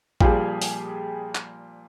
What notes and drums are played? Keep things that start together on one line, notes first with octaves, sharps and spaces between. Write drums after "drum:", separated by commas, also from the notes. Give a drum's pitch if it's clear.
A#2 F3 G3 G4 G#4, drum: kick A1
drum: open hi-hat
drum: clap